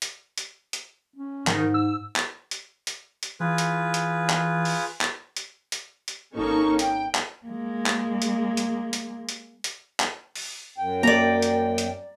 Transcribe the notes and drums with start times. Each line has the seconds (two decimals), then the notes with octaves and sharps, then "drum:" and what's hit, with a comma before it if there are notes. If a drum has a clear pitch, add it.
0.02 drum: hi-hat
0.38 drum: hi-hat
0.73 drum: hi-hat
1.16 C#4
1.47 G#2 D#3, drum: clap
1.74 E6
2.16 drum: clap
2.51 drum: hi-hat
2.87 drum: hi-hat
3.23 drum: hi-hat
3.40 E3 F4 G#4 B4
3.58 drum: hi-hat
3.94 drum: hi-hat
4.30 drum: clap
4.65 drum: open hi-hat
5.01 drum: clap
5.37 drum: hi-hat
5.72 drum: hi-hat
6.08 drum: hi-hat
6.35 G#1 A#3 C#4 D#4 A4 C#6
6.79 G5, drum: hi-hat
7.15 drum: clap
7.46 G#3 A#3
7.86 drum: clap
8.22 drum: hi-hat
8.57 drum: hi-hat
8.93 drum: hi-hat
9.29 drum: hi-hat
9.64 drum: hi-hat
10.00 drum: clap
10.36 drum: open hi-hat
10.78 F#2 G5
11.03 A#3 D5 A#5
11.42 drum: hi-hat
11.78 drum: hi-hat